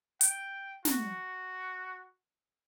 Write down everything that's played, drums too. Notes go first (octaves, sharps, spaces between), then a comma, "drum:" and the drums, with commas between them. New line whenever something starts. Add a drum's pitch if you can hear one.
G5, drum: hi-hat
F#4, drum: snare